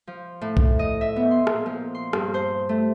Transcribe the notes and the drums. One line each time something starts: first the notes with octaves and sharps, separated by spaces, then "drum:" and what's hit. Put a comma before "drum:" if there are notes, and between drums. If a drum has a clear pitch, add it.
F3
A2
drum: kick B1
D#5
E5
B3
C6
A#2, drum: rim click
F3
C6
G2, drum: rim click
C5
A3